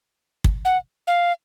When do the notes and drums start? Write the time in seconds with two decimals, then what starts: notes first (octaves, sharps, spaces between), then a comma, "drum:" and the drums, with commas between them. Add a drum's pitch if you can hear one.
0.44 drum: kick
0.65 F#5
1.07 F5